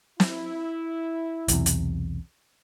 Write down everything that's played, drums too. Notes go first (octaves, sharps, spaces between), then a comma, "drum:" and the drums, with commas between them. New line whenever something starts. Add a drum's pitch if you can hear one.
E4, drum: snare
B1 E2 C3, drum: hi-hat
drum: hi-hat